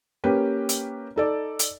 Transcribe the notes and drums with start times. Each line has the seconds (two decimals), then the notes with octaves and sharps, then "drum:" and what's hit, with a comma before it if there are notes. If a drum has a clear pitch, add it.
0.24 A#3 C#4 G4 B4
0.69 drum: hi-hat
1.16 D#4 A4 D5
1.59 drum: hi-hat